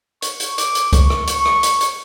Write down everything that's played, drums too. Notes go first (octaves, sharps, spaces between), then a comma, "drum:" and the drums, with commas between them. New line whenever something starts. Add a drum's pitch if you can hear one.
C#6, drum: hi-hat
drum: hi-hat
D6, drum: hi-hat
drum: hi-hat
C#6, drum: kick C2, hi-hat
drum: rim click
C#6, drum: hi-hat
drum: rim click
drum: hi-hat
drum: hi-hat